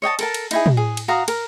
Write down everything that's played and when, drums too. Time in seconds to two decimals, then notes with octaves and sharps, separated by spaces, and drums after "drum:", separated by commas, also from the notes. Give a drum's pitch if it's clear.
0.02 C#5 D#5 G5 A5
0.19 A4 A#4 A5, drum: cymbal
0.34 drum: cymbal
0.51 D#4 E4 G#4, drum: cymbal
0.66 drum: tom
0.77 G#4
0.97 drum: cymbal
1.08 F#4 F5 A#5 D#6
1.28 A#4, drum: cymbal